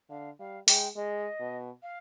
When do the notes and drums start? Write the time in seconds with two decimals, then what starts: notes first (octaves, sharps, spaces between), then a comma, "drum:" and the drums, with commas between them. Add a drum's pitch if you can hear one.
0.10 D3 F5
0.39 G3 F5
0.68 G#3 G5, drum: open hi-hat
0.96 G#3 D#5
1.40 B2
1.83 F5